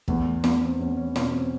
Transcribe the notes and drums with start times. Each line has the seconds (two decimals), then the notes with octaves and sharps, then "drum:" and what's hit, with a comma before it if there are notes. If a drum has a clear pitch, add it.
0.08 E2 A3, drum: kick
0.26 A3
0.44 E2 B3, drum: snare
0.61 C4
0.79 E2 C#4
0.97 C#4
1.16 B2 C#4, drum: snare
1.33 C4